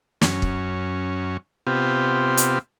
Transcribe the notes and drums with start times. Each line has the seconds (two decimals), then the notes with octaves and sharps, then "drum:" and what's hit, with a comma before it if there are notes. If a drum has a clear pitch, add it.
0.21 F#2 C#4, drum: snare
0.42 drum: kick
1.67 C3 B3 C4 F4 G4
2.37 drum: hi-hat